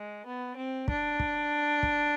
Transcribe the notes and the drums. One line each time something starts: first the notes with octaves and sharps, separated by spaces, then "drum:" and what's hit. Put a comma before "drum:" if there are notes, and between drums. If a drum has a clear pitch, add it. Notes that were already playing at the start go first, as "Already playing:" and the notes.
Already playing: G#3
B3
C4
D4, drum: kick
drum: kick
drum: kick